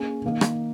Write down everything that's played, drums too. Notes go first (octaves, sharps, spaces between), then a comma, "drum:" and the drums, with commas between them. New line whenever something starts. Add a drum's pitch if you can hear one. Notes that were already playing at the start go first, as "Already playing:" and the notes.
Already playing: A#3 C#4 G#4
D#3 A#3 D#4
drum: rim click